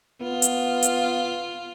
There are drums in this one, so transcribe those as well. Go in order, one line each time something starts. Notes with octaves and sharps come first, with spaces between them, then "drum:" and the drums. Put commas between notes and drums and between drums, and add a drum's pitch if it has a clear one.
B3 F4
drum: hi-hat
drum: hi-hat